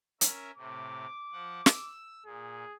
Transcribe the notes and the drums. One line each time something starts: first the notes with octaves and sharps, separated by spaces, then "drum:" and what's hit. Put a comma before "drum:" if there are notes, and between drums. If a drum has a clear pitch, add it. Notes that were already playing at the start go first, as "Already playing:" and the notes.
C#4 A#4 E5, drum: hi-hat
A2 C3 D6
F3 F#5
E6, drum: snare
A#2 G#4